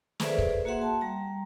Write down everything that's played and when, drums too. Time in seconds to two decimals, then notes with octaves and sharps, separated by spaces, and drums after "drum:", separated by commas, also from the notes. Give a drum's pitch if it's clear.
0.20 G#4 A4 B4 C5 D5 E5, drum: snare
0.38 drum: kick
0.65 A#3 F#4 G#4 E5 F#5 C6
0.82 A5
1.01 G3 A#5